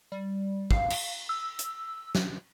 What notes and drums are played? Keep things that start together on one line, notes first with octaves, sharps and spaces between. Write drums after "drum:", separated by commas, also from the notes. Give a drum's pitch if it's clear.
G3
F5, drum: kick
drum: cymbal
E6
drum: hi-hat
drum: snare